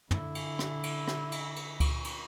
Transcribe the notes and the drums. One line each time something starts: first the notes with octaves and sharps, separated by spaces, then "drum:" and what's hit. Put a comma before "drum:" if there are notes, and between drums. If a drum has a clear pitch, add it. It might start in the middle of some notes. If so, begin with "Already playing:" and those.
D3 E4, drum: tom
drum: cymbal
drum: rim click
drum: cymbal
drum: rim click
drum: cymbal
drum: cymbal
drum: kick C#2, cymbal
drum: cymbal